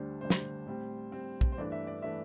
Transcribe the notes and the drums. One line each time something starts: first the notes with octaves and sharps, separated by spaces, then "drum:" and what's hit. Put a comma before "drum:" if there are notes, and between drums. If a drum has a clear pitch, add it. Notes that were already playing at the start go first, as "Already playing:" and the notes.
Already playing: D2 D3 G3 D4 C5
D2 D3 G3 D4 C5
drum: snare
A2 G3 C4
A2 G3 C4
drum: kick
C5
G2 E3 A3 D4 D5
E5
D5
E3 A3 D4 E5